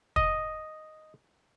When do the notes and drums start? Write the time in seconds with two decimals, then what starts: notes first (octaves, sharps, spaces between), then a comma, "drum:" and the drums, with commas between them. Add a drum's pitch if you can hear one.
0.16 D#5, drum: kick